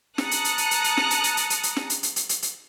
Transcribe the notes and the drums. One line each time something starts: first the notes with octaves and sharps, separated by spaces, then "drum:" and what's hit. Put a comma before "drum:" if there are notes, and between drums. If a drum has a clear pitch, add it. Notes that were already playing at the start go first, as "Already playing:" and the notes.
A5 A#5 D#6 F#6 C#7, drum: snare
drum: hi-hat
drum: hi-hat
drum: hi-hat
drum: hi-hat
drum: hi-hat
drum: snare
drum: hi-hat
drum: hi-hat
drum: hi-hat
drum: hi-hat
drum: hi-hat
drum: snare
drum: hi-hat
drum: hi-hat
drum: hi-hat
drum: hi-hat
drum: hi-hat